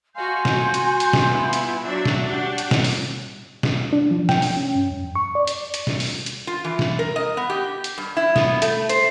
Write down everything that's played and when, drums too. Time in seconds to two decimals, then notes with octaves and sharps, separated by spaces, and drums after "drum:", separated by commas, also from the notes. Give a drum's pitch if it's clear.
0.15 F#4 D#5 F5 G#5 C6 G6
0.45 F#4, drum: snare
0.74 drum: hi-hat
1.00 drum: hi-hat
1.13 drum: snare
1.30 B3 E4 F4
1.53 drum: hi-hat
1.85 F#3 D4 E5
2.05 drum: snare
2.25 D4 F#4 G4 F#5
2.58 drum: hi-hat
2.71 drum: snare
2.84 drum: open hi-hat
3.63 drum: snare
3.93 D4
4.11 F3
4.29 G5, drum: snare
4.42 drum: open hi-hat
4.57 C#4
4.75 G2
4.91 F2
5.16 C#6
5.35 D5
5.47 drum: hi-hat
5.74 drum: hi-hat
5.87 drum: snare
6.00 drum: open hi-hat
6.26 drum: hi-hat
6.47 F4
6.64 E3
6.79 drum: snare
6.99 A#4
7.16 D#5
7.37 B3
7.50 G4
7.84 drum: hi-hat
7.98 G2
8.17 E4
8.36 B3, drum: snare
8.62 A3, drum: hi-hat
8.89 C5, drum: hi-hat